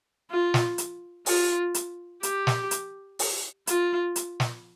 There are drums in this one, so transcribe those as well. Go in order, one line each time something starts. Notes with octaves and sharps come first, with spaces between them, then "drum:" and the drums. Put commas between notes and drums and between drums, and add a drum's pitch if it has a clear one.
F4
drum: snare
drum: hi-hat
F4, drum: open hi-hat
drum: hi-hat
G4, drum: hi-hat
drum: snare
drum: hi-hat
drum: open hi-hat
F4, drum: hi-hat
drum: hi-hat
drum: snare